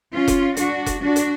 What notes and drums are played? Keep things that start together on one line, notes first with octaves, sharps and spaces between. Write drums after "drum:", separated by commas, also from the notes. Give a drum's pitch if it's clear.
C#4 F4
drum: kick F1, hi-hat
D4 F#4, drum: hi-hat
drum: kick F1, hi-hat
D4 F#4
drum: hi-hat